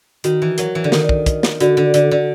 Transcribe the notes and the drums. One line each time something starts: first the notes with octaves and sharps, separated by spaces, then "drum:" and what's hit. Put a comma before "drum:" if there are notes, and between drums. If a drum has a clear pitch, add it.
D#3 F#4, drum: hi-hat
E3
F#3 A#4, drum: hi-hat
E3
D3
D#3 A#4, drum: snare
drum: kick
D#5, drum: kick, hi-hat
drum: snare
D3 F#4, drum: hi-hat
D3
D3 A4, drum: hi-hat
D3